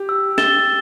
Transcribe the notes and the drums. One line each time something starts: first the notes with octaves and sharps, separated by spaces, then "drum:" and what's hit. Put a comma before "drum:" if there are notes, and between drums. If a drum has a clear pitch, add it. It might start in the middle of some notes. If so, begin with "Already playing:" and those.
Already playing: G4
E6
A6 E7 G7, drum: snare